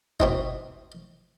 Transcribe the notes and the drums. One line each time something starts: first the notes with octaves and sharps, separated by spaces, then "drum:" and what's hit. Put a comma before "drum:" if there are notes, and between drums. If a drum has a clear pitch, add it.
B2 C4 D#4, drum: kick F#1